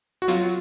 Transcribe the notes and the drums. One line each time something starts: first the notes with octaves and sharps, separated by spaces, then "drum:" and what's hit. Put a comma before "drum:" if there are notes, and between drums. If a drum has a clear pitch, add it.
F#4
F#3 F4, drum: hi-hat